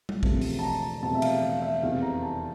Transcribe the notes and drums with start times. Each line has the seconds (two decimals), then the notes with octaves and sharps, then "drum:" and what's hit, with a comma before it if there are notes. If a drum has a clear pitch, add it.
0.09 drum: tom G3
0.23 E1 E2 C3 F3 A3, drum: kick A1
0.42 drum: open hi-hat
0.59 A5
0.63 A#5
1.02 E1 E2 C3 F3 A3 A5
1.15 E5
1.22 F5, drum: cymbal
1.43 F5
1.62 E5
1.83 F1 E2 C3 E3 F5
2.02 A#5
2.22 A5